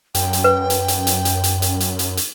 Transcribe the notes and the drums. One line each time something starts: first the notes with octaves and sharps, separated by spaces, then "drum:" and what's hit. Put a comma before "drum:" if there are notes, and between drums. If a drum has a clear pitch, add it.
F#2 G5, drum: hi-hat
drum: hi-hat
B4
drum: hi-hat
drum: hi-hat
drum: hi-hat
drum: hi-hat
drum: hi-hat
drum: hi-hat
drum: hi-hat
drum: hi-hat
drum: hi-hat